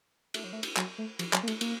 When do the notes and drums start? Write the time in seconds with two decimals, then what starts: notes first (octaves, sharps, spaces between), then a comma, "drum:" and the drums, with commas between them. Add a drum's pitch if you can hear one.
0.34 A3, drum: cymbal
0.44 F#3
0.53 A3
0.63 drum: cymbal
0.77 F#3, drum: clap
0.98 A3
1.19 F3, drum: cymbal
1.33 F#3, drum: clap
1.43 A#3
1.48 A3, drum: cymbal
1.61 A#3, drum: cymbal